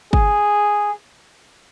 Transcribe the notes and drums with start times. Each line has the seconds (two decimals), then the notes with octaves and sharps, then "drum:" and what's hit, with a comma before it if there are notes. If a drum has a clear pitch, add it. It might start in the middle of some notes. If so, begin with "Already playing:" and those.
0.13 G#4, drum: kick G1